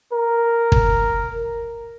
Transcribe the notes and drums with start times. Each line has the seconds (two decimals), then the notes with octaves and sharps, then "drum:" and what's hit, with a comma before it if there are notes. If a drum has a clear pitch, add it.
0.13 A#4
0.72 drum: kick